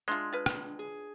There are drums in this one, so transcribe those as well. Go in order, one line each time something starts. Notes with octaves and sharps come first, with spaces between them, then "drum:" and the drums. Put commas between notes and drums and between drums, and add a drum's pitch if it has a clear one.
G#3 D4 F4 E5 C6
F4 B4
drum: rim click
G#4